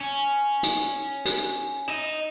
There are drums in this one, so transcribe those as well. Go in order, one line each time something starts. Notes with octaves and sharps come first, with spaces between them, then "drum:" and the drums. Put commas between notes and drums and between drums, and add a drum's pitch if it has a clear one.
C#4
drum: hi-hat
drum: hi-hat
D#4